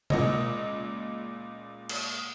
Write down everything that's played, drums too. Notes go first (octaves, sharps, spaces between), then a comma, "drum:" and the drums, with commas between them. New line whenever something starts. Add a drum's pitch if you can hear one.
C#2 A#2 D#5, drum: tom B2
drum: cymbal